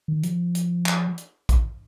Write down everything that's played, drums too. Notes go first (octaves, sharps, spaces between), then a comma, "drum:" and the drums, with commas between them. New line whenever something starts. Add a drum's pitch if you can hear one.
D#3
F3, drum: hi-hat
drum: hi-hat
drum: clap
drum: hi-hat
drum: kick, hi-hat